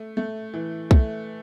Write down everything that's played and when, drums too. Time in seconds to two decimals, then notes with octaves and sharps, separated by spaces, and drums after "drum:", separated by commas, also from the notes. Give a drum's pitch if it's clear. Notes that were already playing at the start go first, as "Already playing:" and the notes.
Already playing: A3
0.17 A3
0.54 E3
0.91 A3, drum: kick B1